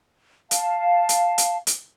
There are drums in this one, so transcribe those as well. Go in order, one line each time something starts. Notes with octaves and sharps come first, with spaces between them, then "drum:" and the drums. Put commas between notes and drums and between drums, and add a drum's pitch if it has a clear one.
F5 A5, drum: hi-hat
drum: hi-hat
drum: hi-hat
drum: hi-hat